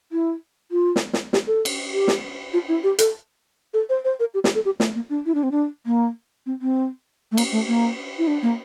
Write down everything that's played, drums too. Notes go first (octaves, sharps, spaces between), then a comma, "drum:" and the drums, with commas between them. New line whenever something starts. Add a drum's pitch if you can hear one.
E4
F4
drum: snare
drum: snare
G4, drum: snare
A4
drum: cymbal
G4
drum: snare
F4
E4
G4
A4, drum: hi-hat
A4
C5
C5
A#4
G4
G4, drum: snare
A4
G4
A3, drum: snare
A#3
D4
E4
D4
C4
D4
A#3
C4
C4
A3
A#3, drum: cymbal
A3
A#3
E4
D4
A#3